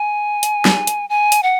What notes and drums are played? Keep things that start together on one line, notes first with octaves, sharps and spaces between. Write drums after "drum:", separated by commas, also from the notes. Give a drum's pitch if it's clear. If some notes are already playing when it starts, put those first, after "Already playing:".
Already playing: G#5
drum: hi-hat
drum: snare
drum: hi-hat
G#5
drum: hi-hat
F#5